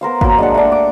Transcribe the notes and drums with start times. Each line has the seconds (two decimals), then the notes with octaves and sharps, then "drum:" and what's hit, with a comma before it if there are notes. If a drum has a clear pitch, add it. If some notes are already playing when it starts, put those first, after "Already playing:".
0.01 B3 A#4 C5 F5
0.21 F#3 A#3, drum: kick G1
0.38 G#3 D4 F#5
0.54 A3 D4
0.72 D6